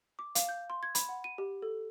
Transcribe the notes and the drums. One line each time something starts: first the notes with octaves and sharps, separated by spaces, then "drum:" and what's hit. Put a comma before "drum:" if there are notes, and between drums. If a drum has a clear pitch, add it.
D6
F5, drum: hi-hat
G6
C6
G#6
B5, drum: hi-hat
F#5
D#7
G4
A4